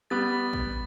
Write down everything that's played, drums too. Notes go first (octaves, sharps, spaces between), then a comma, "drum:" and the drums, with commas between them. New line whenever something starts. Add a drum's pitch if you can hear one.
G3 B3 A6
drum: kick